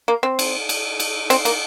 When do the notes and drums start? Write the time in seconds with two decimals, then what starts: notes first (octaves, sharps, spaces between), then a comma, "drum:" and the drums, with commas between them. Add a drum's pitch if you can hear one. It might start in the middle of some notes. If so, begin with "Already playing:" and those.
0.08 A#3
0.23 C4
0.39 drum: cymbal
0.69 drum: cymbal
1.00 drum: cymbal
1.30 C4, drum: cymbal
1.45 A#3, drum: cymbal